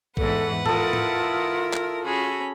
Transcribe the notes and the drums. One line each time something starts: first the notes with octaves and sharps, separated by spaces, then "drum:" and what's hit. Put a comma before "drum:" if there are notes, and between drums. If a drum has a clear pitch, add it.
E2 G#2 E3 A4 B4 F#5, drum: kick
E4 F4 A4 A#4 D#6, drum: tom A2
drum: tom A2
drum: clap
C#4 F#4 G#4 B5